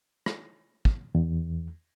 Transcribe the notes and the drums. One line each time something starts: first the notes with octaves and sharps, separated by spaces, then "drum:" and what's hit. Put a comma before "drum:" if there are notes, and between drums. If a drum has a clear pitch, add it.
drum: rim click
drum: kick
E2